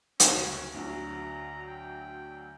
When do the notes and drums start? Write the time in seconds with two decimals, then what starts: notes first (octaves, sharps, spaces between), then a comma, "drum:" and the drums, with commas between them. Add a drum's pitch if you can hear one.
0.20 F#1 D2 C#4 F#4, drum: hi-hat
0.74 D2 D3 F#3 A#5
1.67 G5